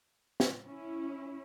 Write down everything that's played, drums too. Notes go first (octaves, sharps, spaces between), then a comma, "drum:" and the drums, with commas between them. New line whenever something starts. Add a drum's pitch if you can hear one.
drum: snare
C#4 E4